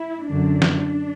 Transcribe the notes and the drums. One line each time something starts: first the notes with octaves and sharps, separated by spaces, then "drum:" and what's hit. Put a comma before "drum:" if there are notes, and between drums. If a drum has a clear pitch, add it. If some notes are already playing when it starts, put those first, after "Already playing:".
Already playing: E4
F#2 D3 D4
drum: snare